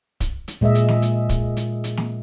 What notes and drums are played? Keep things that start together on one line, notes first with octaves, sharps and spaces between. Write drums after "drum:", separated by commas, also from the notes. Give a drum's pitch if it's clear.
drum: kick, hi-hat
drum: hi-hat
A#2 G#3 D#5 E5
drum: hi-hat
drum: snare
drum: hi-hat
drum: kick, hi-hat
drum: hi-hat
drum: hi-hat
drum: snare